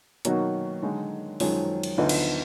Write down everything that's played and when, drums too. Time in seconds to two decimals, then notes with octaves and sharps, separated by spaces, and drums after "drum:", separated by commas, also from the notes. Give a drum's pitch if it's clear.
0.25 B2 D#3 F#3 A#3 D#4 F#4, drum: hi-hat
0.82 D3 G#3 D#4
1.40 F#2 D#3 F3 F#3 G#3, drum: open hi-hat
1.83 drum: cymbal
1.98 D2 D3 F3 B3 D#4
2.09 drum: cymbal